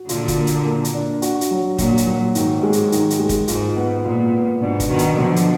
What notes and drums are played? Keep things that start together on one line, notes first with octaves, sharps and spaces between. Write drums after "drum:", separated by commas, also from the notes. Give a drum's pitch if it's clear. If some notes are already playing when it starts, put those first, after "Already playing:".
Already playing: F#4
A#2 D3 F4, drum: hi-hat
drum: kick, hi-hat
A#3
drum: hi-hat
A#3
drum: hi-hat
D4
F#4, drum: hi-hat
drum: hi-hat
F#3
A#2 F#3, drum: kick, hi-hat
drum: hi-hat
F#3
G#2 D#3, drum: hi-hat
G#3
drum: hi-hat
D#3, drum: hi-hat
drum: hi-hat
G#3
drum: kick, hi-hat
G#2 F4, drum: hi-hat
B3
A#2 F4
B3
G#2 B2 D4
drum: kick, hi-hat
B2 D#3 F#4
drum: hi-hat
B2 D3 F3
drum: hi-hat